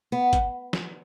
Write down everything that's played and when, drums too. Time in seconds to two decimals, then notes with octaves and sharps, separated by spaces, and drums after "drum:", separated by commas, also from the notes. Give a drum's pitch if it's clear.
0.12 B3
0.33 drum: kick G#1, hi-hat
0.73 drum: snare